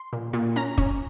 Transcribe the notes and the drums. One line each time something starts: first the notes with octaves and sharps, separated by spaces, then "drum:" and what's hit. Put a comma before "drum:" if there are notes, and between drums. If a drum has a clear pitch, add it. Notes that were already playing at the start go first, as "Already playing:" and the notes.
Already playing: C6
A#2
A#2
C#4 A#5, drum: hi-hat
C#4, drum: kick